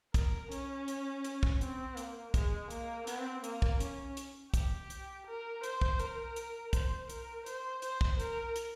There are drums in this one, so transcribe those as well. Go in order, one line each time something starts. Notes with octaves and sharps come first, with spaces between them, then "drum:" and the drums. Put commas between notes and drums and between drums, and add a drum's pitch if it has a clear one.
A#4, drum: kick, hi-hat
C#4, drum: hi-hat
drum: hi-hat
drum: hi-hat
drum: kick
C4, drum: hi-hat
A#3, drum: hi-hat
G#3, drum: kick, hi-hat
A#3, drum: hi-hat
C4, drum: hi-hat
A#3, drum: hi-hat
drum: kick
C#4, drum: hi-hat
drum: hi-hat
G4, drum: kick, hi-hat
drum: hi-hat
A#4
C5, drum: hi-hat
drum: kick
A#4, drum: hi-hat
drum: hi-hat
C5, drum: kick, hi-hat
A#4, drum: hi-hat
C5, drum: hi-hat
C5, drum: hi-hat
drum: kick
A#4, drum: hi-hat
drum: hi-hat